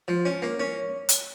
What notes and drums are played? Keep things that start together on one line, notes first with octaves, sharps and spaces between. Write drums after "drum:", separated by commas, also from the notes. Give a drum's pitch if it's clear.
F3
C#4
A#3
C#4
drum: hi-hat